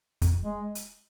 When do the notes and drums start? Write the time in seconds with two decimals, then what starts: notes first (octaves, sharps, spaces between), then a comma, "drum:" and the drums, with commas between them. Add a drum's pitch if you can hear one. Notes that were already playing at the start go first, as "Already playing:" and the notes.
0.22 F2, drum: kick, hi-hat
0.42 G#3
0.75 drum: hi-hat